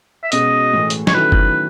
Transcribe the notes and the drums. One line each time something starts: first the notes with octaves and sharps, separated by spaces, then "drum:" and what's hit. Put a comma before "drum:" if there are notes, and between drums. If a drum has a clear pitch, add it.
E5
B2 G#3 C#4 F#4 D#5, drum: hi-hat
A2 E3 G#3
drum: hi-hat
C#5, drum: snare
D#3 F#3 A3 C#4 E4 B4
drum: kick F#1